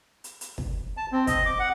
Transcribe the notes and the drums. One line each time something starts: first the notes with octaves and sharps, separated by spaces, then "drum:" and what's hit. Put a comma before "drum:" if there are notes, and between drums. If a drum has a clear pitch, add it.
drum: hi-hat
drum: hi-hat
drum: kick
A5
C4
D#5, drum: kick, hi-hat
D6
F#5